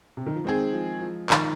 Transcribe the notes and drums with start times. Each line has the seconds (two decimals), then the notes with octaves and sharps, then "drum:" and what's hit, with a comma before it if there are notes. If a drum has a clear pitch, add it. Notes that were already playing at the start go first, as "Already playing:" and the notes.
0.17 C3
0.26 D#3
0.35 F3
0.44 D#3 G#3 C4 G#4
0.73 F3
1.01 F3
1.30 D#3, drum: clap